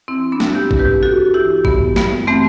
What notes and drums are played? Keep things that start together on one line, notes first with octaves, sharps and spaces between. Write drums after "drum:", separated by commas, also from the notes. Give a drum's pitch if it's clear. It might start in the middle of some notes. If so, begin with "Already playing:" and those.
E3 C4 E4
B3 D4
G2, drum: snare
E4 G4
E3, drum: kick A1
G4 B4
G2 F#4 A4
E3 E4 G4
E3 B3, drum: kick A1
G2 B3, drum: snare
E3 A3 C4